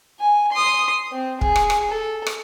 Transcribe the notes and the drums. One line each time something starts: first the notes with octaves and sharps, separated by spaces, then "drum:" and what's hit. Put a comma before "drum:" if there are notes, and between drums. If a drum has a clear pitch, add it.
G#5
C6 D#6
C4
G#4, drum: kick
drum: rim click
drum: rim click
A4
drum: rim click